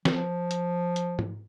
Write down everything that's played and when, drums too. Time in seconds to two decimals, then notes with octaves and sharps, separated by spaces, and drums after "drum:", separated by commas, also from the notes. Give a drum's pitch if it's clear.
0.05 F3, drum: snare
0.51 drum: hi-hat
0.96 drum: hi-hat
1.19 drum: tom